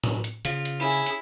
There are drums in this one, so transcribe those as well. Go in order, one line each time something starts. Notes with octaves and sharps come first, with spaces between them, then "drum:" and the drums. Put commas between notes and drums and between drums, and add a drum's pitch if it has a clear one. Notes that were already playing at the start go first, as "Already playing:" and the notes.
drum: tom A2
drum: hi-hat
C#3 F4, drum: hi-hat
drum: hi-hat
C#4 E4 G#4
drum: hi-hat